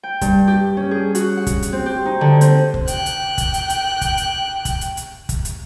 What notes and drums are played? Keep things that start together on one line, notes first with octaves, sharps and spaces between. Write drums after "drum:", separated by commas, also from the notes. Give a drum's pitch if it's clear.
G5
G2, drum: kick, hi-hat
G4
C#4
G#4
F#4, drum: hi-hat
F#5
drum: kick, hi-hat
drum: hi-hat
C4
G4
D#4
D3
C4, drum: hi-hat
drum: kick
G5 F#6, drum: hi-hat
drum: hi-hat
drum: kick, hi-hat
drum: hi-hat
drum: hi-hat
drum: kick, hi-hat
drum: hi-hat
drum: kick, hi-hat
drum: hi-hat
drum: hi-hat
drum: kick, hi-hat
drum: hi-hat